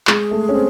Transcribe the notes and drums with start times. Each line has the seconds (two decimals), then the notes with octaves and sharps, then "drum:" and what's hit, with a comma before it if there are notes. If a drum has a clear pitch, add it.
0.07 G#3 G#4, drum: clap
0.31 A3
0.49 C#4
0.54 C4